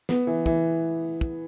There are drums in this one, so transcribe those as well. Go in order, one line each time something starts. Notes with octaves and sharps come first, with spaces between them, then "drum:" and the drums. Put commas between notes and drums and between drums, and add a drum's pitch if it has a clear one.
B3, drum: snare
E3
E3, drum: kick
drum: kick